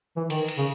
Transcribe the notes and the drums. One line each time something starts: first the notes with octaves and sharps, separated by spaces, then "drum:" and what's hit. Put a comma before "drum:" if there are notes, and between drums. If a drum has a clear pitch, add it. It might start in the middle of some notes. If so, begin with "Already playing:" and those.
E3
D#3, drum: cymbal
drum: cymbal
C#3